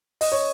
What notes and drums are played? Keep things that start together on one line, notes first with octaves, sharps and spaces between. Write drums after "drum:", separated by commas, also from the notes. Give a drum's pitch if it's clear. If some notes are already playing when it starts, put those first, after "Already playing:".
D#5, drum: open hi-hat
C#5